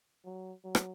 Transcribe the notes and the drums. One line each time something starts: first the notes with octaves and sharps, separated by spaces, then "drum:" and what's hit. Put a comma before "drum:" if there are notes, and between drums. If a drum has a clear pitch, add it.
F#3
F#3
drum: rim click